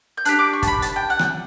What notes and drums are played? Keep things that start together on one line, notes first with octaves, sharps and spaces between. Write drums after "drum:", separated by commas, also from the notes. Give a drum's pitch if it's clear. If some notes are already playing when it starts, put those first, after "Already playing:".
G6
D4 G4 F#6, drum: hi-hat
D6
C#6
A5, drum: kick, hi-hat
B5
A5, drum: hi-hat
G5
F#5
drum: rim click